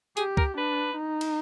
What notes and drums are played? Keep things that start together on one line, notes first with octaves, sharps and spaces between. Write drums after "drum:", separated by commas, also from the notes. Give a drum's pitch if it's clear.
G4 G#4, drum: hi-hat
A#4, drum: kick
D4 B4
D#4
drum: cymbal